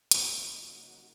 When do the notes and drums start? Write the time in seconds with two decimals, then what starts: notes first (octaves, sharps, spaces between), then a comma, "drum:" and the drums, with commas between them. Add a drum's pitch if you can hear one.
0.11 C#3 F#3 A#3 D#4 E4, drum: hi-hat
0.34 F4
0.56 F4
0.78 F#4